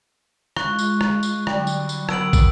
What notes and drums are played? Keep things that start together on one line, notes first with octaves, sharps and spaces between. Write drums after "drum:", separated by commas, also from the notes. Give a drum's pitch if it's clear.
G#3 F4 C#6 F#6, drum: rim click
drum: tambourine
drum: rim click
drum: tambourine
D3 F#3 G3, drum: rim click
drum: tambourine
drum: tambourine
B3 A#4 E6 D7 F#7, drum: rim click
drum: kick, tambourine